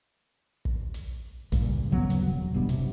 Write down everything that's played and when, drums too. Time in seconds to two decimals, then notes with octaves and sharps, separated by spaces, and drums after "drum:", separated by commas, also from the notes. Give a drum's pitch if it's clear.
0.65 drum: kick
0.94 drum: hi-hat
1.52 C#2 G2 A#2, drum: kick, hi-hat
1.90 D#2 C#3 F#3 B3
2.10 drum: hi-hat
2.28 E1 F#3
2.54 G1 B2 G3 D4
2.69 C3, drum: hi-hat